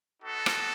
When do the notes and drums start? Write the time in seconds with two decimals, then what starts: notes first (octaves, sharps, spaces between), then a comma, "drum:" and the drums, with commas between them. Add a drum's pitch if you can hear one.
0.22 B3 D#4 F#4 A4
0.46 drum: rim click